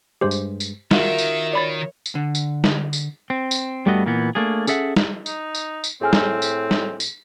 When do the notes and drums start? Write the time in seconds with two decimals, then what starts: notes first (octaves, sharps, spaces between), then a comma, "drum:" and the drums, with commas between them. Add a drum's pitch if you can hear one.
0.21 G2 G#3 G4 C5
0.31 drum: tambourine
0.60 drum: tambourine
0.91 D#3 F4 F#4 A#4 E5, drum: snare
1.18 drum: tambourine
1.53 C#5 D5 B5 A6
2.06 drum: tambourine
2.15 D3
2.35 drum: tambourine
2.64 drum: snare
2.93 drum: tambourine
3.30 C4
3.51 drum: tambourine
3.86 G2 G3 A3 B3 F#4 D#5
4.06 A#2 E3 A#3 B3
4.35 A3 A#3 D4 G#4
4.67 C#4 G#4 A4 E5 F#5, drum: tambourine
4.96 drum: snare
5.26 D#4, drum: tambourine
5.55 drum: tambourine
5.84 drum: tambourine
6.02 A2 C4 G#4 G#5 F6
6.13 drum: snare
6.42 drum: tambourine
6.71 drum: snare
7.00 drum: tambourine